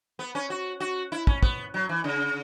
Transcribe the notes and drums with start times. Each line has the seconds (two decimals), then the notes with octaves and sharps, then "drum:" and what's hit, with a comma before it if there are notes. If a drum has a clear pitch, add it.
0.19 B3
0.35 C#4
0.50 F#4
0.80 F#4
1.12 E4
1.27 C#4, drum: kick
1.43 B3, drum: kick
1.74 F#3
1.89 E3
2.04 C#3